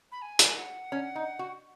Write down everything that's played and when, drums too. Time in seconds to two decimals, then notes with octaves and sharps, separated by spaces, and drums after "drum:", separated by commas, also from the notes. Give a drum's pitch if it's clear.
0.12 B5
0.22 G#5
0.39 drum: hi-hat
0.57 F#5
0.92 C#4
1.16 D#4
1.39 F#4